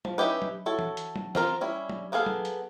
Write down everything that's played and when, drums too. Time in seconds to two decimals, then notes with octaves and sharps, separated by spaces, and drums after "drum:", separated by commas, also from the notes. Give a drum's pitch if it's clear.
0.05 F3, drum: tom F#3
0.18 C#4 D#4 E4 G4 B4
0.42 drum: tom F#3
0.66 E4 F#4 A4 C#5
0.79 drum: tom E3
0.97 drum: hi-hat
1.16 drum: tom F#3
1.35 C4 F4 A#4, drum: snare
1.61 G3 C#4 E4
1.90 drum: tom F#3
2.12 A#3 B3 G#4 A4 F5
2.26 drum: tom F#3
2.45 drum: hi-hat